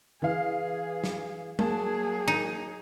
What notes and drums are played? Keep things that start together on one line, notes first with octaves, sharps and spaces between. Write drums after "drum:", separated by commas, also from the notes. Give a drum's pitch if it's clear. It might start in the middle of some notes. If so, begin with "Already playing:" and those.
E3 G#4 F5
drum: snare
F#3 A#3 G#4 A5, drum: tom G3
D#4